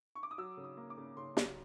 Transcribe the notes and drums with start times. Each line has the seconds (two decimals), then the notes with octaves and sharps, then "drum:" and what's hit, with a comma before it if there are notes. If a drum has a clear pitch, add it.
0.15 C#6
0.23 D6
0.31 D#6
0.38 F#3 E6
0.57 C#3
0.64 D#6
0.77 A#3
0.90 D6
0.97 C#3
1.17 C#3 C6
1.37 F#3, drum: snare